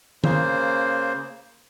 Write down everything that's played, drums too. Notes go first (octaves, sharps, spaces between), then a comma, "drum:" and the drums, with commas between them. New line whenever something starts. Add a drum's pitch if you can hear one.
C#3 A#3 C5, drum: tom D#3